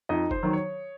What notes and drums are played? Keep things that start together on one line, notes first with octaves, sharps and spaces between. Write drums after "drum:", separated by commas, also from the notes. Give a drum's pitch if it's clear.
F2 D#4 D#5
C5, drum: kick F#1
D#3 F#3
C#5